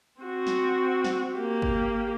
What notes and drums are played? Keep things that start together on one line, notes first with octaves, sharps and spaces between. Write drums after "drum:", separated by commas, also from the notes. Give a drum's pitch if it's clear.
C4 F#4
drum: snare
drum: snare
A#3 G4
drum: kick